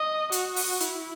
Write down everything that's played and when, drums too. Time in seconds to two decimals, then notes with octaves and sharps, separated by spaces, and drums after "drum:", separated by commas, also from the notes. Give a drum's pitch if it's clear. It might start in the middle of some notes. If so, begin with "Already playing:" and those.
Already playing: D#5
0.32 F#4, drum: hi-hat
0.56 drum: open hi-hat
0.81 E4, drum: hi-hat